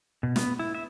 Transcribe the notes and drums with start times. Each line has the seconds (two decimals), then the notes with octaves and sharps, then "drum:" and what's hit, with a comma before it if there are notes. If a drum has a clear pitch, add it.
0.23 B2
0.36 B3, drum: snare
0.59 E4
0.75 E5